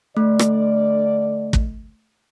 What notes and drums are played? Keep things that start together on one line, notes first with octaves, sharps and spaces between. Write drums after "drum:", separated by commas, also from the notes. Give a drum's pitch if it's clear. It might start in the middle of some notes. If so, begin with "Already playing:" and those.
D3 A3 D5
drum: rim click
drum: kick